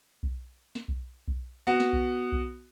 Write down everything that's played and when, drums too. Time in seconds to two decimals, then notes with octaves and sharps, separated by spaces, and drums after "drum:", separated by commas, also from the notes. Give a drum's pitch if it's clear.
0.23 drum: kick B1
0.75 drum: snare
0.88 drum: kick B1
1.28 drum: kick B1
1.67 B3 F#4
1.80 drum: snare
1.93 drum: kick B1
2.32 drum: kick B1